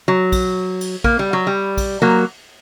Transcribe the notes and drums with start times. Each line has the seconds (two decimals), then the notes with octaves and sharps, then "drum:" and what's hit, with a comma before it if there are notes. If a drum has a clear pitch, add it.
0.08 F#3
0.32 drum: kick A#1, cymbal
0.81 drum: cymbal
1.04 A#3, drum: kick A#1
1.19 G3
1.33 F#3
1.47 G3
1.77 drum: kick A#1, cymbal
2.02 F#3 A#3